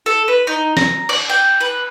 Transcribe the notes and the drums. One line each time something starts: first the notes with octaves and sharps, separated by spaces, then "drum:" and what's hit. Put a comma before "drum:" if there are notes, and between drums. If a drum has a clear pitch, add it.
A4
B4
D#4
A#5, drum: snare
D5, drum: cymbal
G5
B4